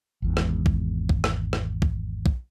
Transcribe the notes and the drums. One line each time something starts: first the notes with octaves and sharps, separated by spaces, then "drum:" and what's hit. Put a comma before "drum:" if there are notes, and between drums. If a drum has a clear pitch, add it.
G#1 E2 G#2
drum: rim click
drum: kick
drum: kick
drum: rim click
drum: rim click
drum: kick
drum: kick